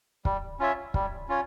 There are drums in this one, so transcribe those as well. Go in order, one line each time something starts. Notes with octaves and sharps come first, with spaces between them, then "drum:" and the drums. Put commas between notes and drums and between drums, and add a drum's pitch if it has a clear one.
G3, drum: kick
C#4 F4 C#5 E5
G3, drum: kick
C#4 F4 C#5